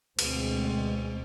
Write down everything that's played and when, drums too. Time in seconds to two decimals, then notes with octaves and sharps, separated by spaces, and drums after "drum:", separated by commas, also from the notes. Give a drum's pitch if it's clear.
0.19 D2 B2 G#3 C4, drum: cymbal